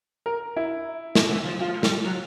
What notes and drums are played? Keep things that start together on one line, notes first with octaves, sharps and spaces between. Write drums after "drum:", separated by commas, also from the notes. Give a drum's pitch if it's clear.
A#4
E4
drum: snare
E3
F3
F3 F4
G3, drum: snare
F#3